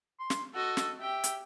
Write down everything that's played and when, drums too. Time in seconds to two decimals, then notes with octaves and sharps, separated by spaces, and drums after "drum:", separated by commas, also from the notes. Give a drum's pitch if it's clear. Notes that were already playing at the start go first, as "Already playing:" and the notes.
0.19 C6
0.30 drum: snare
0.55 F#4 A4 D#5
0.77 drum: snare
1.00 G4 E5 G5
1.24 drum: hi-hat